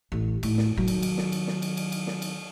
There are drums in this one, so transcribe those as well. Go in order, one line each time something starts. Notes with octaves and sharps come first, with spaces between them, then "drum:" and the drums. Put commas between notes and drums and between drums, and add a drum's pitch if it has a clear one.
A1
A2, drum: cymbal
drum: snare
D#3 F#3
drum: cymbal
drum: cymbal
drum: snare
drum: cymbal
drum: snare
drum: cymbal
drum: cymbal
drum: cymbal
drum: snare
drum: cymbal